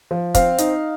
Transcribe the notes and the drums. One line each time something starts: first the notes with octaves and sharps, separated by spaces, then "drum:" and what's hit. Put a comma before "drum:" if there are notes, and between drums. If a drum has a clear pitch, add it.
F3
C4 F5, drum: kick, hi-hat
D#4, drum: hi-hat